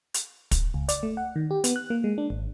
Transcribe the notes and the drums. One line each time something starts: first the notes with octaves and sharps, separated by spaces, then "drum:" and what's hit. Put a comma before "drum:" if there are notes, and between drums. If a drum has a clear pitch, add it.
drum: hi-hat
drum: kick, hi-hat
C#2
D5, drum: hi-hat
A3
F#5
D#3
G4
B3, drum: hi-hat
F#6
A#3
G#3
D4
G#1